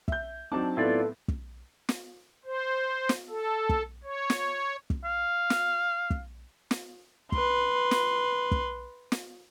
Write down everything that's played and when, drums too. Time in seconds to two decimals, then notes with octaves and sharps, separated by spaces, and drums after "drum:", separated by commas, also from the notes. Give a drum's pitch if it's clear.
0.08 E5 G6, drum: kick
0.52 F#3 C4 D4 D#4 A5 D6
0.77 A2 B3 E4 F4 A4 D5
1.28 drum: kick
1.89 drum: snare
2.45 C5
3.09 drum: snare
3.30 A4
3.69 drum: kick
4.04 C#5
4.30 drum: snare
4.90 drum: kick
5.04 F5
5.50 drum: snare
6.10 drum: kick
6.71 drum: snare
7.32 B4 C6, drum: kick
7.91 drum: snare
8.51 drum: kick
9.12 drum: snare